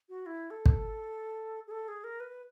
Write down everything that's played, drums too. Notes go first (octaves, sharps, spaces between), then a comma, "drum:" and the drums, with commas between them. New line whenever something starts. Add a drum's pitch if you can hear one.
F#4
E4
A4
drum: kick
G#4
A4
G#4
A#4
B4